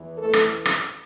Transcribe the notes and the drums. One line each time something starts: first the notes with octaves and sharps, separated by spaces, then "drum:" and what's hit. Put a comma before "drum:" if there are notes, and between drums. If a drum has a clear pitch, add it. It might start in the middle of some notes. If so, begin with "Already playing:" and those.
Already playing: E2 E3
A3 A4
drum: rim click
drum: rim click